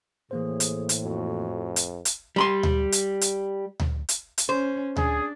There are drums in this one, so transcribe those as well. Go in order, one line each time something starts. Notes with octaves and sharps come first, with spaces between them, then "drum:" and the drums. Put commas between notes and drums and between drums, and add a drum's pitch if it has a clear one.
A2 E3 A#3 G#4 C5
drum: hi-hat
drum: hi-hat
F2 F#4
drum: hi-hat
drum: hi-hat
G3 B5 C6
drum: tom D2
drum: hi-hat
drum: hi-hat
drum: tom D2
drum: hi-hat
drum: hi-hat
C#4 C5
D4 G#4, drum: tom D2